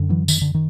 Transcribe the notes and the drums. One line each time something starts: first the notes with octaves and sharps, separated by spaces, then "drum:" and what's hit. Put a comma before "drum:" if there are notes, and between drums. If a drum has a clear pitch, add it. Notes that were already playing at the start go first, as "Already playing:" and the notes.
Already playing: F#2 D3
E3 F#3
D#3, drum: tambourine
D3
D#3